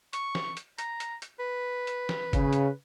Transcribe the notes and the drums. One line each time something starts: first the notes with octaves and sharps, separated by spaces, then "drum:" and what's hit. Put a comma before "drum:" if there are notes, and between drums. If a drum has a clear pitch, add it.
C#6, drum: hi-hat
drum: snare
drum: hi-hat
A#5, drum: hi-hat
drum: hi-hat
drum: hi-hat
B4
drum: hi-hat
drum: snare
C#3, drum: kick, hi-hat
drum: hi-hat